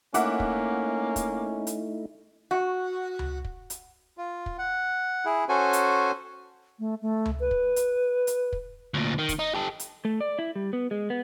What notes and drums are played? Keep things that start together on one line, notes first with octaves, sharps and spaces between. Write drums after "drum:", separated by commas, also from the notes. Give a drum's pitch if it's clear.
A3 A#3 C#4 D#4 E4 E5 F#5 D6, drum: hi-hat
drum: kick
drum: kick, hi-hat
drum: hi-hat
F#4
drum: tom C#2
drum: kick
drum: hi-hat
F4
drum: kick
F#5
E4 G#4
C#4 F#4 A4 C5 G#5
drum: hi-hat
A3
A3
drum: tom C#2
B4
drum: kick
drum: hi-hat
drum: hi-hat
drum: kick
D2 A#2
D#3
drum: kick, hi-hat
D#4
G4 A4
drum: hi-hat
A3
D5
E4
G3
B3
G#3
B3